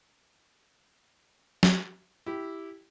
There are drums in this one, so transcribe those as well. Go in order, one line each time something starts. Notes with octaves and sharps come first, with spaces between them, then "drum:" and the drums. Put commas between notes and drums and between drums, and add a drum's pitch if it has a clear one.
drum: snare
E4 G4